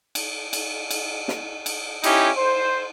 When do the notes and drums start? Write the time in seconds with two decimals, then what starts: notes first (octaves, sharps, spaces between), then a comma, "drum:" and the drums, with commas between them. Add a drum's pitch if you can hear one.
0.15 drum: cymbal
0.53 drum: cymbal
0.91 drum: cymbal
1.28 drum: snare
1.66 drum: cymbal
2.04 C#4 D#4 E4 G4, drum: cymbal
2.38 C5